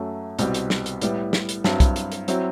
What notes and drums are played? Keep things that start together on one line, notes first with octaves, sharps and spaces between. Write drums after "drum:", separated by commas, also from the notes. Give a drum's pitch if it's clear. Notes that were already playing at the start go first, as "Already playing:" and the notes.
Already playing: F#2 F#3 A3
C2 B2 G3 C4, drum: hi-hat
drum: hi-hat
drum: snare
drum: hi-hat
A2 G3 B3 E4, drum: hi-hat
drum: snare
drum: hi-hat
G2 F#3 C4 E4, drum: snare
drum: kick, hi-hat
drum: hi-hat
drum: hi-hat
F#3 C4 E4, drum: hi-hat